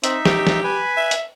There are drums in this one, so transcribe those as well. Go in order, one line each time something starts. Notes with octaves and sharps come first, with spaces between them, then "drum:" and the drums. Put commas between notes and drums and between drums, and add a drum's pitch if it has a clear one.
C4 D#4 E5, drum: hi-hat
G4, drum: snare
drum: snare
B4 G#5 B5
E5
drum: hi-hat